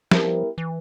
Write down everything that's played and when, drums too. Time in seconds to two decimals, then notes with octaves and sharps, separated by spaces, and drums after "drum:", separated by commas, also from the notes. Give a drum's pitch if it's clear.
0.11 F3 G3 B3 E4 G4 A#4, drum: snare
0.58 E3